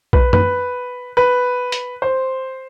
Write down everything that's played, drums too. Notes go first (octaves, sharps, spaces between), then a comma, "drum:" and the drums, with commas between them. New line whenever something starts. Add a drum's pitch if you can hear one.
B4, drum: kick A#1
B4, drum: tom
B4
drum: hi-hat
C5